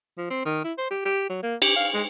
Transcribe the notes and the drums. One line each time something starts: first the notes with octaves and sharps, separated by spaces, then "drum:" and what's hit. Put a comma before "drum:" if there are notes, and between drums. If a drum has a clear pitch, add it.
F3
C4
D#3
E4
C5
G4
G4
F#3
A#3
G4, drum: cymbal
F5
G#3